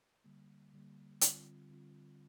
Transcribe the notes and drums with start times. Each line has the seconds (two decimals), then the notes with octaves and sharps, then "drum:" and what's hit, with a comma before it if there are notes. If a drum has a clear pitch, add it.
0.24 D3 G3 A#3
0.73 D3 G3 A#3
1.21 D3 G3 C4 F4, drum: hi-hat
1.70 D3 G3 C4 F4